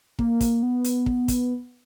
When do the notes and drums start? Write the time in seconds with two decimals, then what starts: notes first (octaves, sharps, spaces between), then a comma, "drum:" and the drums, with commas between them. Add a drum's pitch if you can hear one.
0.19 A#3, drum: kick
0.41 drum: kick, hi-hat
0.63 B3
0.84 drum: hi-hat
1.06 drum: kick
1.28 drum: kick, hi-hat